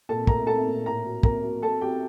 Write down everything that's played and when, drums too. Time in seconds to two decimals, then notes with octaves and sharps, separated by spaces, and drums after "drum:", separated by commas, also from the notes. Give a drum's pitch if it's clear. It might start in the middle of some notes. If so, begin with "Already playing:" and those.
0.09 A#2 A4 A5
0.27 A3 A#4 A#5, drum: kick
0.47 A3 A4 A5
0.66 A#2
0.85 A2 A#4 A#5
1.05 F#3
1.23 A#3 A#4 A#5, drum: kick
1.43 F#3
1.62 F#3 A4 A5
1.81 F#3 G4 G5